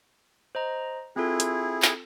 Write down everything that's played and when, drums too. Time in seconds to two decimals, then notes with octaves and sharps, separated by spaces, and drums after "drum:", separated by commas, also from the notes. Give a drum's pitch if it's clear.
0.55 C5 D#5 A#5
1.16 C4 E4 F4 G#4 A4
1.40 drum: hi-hat
1.82 drum: clap